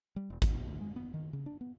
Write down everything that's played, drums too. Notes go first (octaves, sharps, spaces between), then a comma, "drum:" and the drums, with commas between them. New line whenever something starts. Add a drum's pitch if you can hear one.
G3
E1
C#2, drum: kick, hi-hat
B1
D2
G#3
B3
D#3
C#3
D4
B3